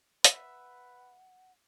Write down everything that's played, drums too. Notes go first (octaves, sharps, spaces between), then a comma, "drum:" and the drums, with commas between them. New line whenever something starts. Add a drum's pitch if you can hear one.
B4 E5 F#5, drum: hi-hat